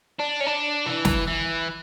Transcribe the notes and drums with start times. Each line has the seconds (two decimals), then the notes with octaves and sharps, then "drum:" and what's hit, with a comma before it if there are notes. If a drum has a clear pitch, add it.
0.19 D4
0.40 C#4
0.47 D4
0.87 E3
1.05 drum: snare
1.28 E3